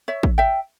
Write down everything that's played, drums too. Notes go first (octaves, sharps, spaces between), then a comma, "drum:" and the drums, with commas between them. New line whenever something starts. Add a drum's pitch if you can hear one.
C#5 E5
drum: kick
E5 G5